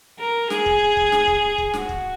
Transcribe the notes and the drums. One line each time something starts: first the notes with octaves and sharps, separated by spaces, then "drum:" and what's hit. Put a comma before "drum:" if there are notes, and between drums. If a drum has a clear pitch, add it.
A#4
G#4, drum: snare
drum: kick
drum: kick
drum: snare
drum: kick
drum: kick
F#4, drum: snare
drum: kick